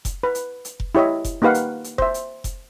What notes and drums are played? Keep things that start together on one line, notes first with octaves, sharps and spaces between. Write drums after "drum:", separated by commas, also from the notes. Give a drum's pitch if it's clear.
drum: kick F1, hi-hat
B4
drum: hi-hat
drum: hi-hat
drum: kick F1
E4 G4 C#5 D#5 E5
drum: kick F1, hi-hat
A#3 D#4 G4 B4 F5 F#5
drum: hi-hat
drum: hi-hat
C5 E5, drum: kick F1
drum: hi-hat
drum: kick F1, hi-hat